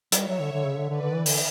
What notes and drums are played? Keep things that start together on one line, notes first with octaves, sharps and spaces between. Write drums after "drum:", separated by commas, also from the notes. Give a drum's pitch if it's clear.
F#3, drum: hi-hat
G3 C#5 E5
F#3
D3
D3
C#3
D3
D3 B4 D5
D3
E3
D3, drum: open hi-hat